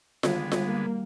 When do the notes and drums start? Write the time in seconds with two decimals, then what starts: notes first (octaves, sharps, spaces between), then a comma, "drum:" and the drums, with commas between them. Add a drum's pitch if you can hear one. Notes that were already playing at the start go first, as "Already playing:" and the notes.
0.23 D3 D#3 G3 G#3 B3 F#4, drum: snare F4
0.52 drum: snare F4
0.64 A#3